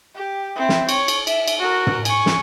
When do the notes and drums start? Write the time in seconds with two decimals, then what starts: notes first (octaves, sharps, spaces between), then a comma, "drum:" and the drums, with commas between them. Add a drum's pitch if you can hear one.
0.15 G4
0.56 C4 E4
0.69 drum: snare
0.89 C#5, drum: cymbal
1.08 drum: cymbal
1.27 E5, drum: cymbal
1.48 drum: cymbal
1.58 F#4 A#4
1.87 drum: tom
2.05 G#5 C#6, drum: cymbal
2.26 drum: snare